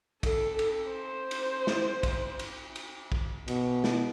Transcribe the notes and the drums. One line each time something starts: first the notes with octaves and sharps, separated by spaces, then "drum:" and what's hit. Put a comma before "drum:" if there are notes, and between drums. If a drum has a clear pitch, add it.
A4, drum: kick, cymbal
drum: cymbal
C5
drum: cymbal
drum: snare
drum: kick, cymbal
drum: cymbal
drum: cymbal
drum: kick
B2, drum: cymbal
drum: snare